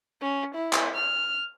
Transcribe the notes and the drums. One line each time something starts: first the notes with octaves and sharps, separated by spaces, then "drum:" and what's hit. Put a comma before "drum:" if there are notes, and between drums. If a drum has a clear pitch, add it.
C#4
E4
drum: clap
F6